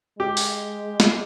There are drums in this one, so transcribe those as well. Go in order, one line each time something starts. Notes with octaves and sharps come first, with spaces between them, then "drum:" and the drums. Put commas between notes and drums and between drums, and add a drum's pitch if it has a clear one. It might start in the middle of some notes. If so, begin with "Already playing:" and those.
G#3 G4
drum: open hi-hat
drum: snare